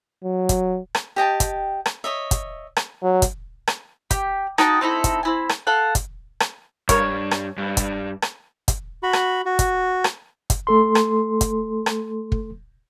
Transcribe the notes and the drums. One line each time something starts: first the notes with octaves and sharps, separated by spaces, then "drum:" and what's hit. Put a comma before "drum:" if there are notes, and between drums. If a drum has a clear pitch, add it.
F#3
drum: kick, hi-hat
drum: rim click
G4 D#5 G5 A5
drum: kick, hi-hat
drum: rim click
C#5 D#5 E5
drum: kick, hi-hat
drum: rim click
F#3
drum: kick, hi-hat
drum: rim click
G4, drum: kick, hi-hat
D#4 F#4 G5 A5, drum: rim click
C4 D#4 E4 A4
drum: kick, hi-hat
C4 E4 G#5
drum: rim click
A4 F5 F#5
drum: kick, hi-hat
drum: rim click
G2 A#4 C#5, drum: kick, hi-hat
drum: rim click
G2
drum: kick, hi-hat
drum: rim click
drum: kick, hi-hat
F#4 B5
drum: rim click
F#4
drum: kick, hi-hat
drum: rim click
drum: kick, hi-hat
A3 A4 C6
drum: rim click
drum: kick, hi-hat
drum: rim click
drum: kick